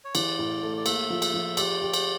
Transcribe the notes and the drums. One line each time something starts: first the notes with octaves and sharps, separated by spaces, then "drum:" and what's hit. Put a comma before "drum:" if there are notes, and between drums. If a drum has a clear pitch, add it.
C#5
E3 D5, drum: cymbal
A2
A3
D5
A#3 E5, drum: cymbal
F3
drum: cymbal
F3
G4 D5, drum: cymbal
G4
drum: cymbal